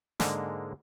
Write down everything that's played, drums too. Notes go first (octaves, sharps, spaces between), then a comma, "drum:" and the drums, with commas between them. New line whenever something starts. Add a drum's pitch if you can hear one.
G#2 D3 G#3 A#3, drum: snare